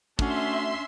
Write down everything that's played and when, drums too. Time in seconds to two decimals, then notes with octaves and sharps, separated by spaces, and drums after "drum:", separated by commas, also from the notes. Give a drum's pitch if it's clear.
0.19 A3 C#4 D4 F#4 E5 C6, drum: kick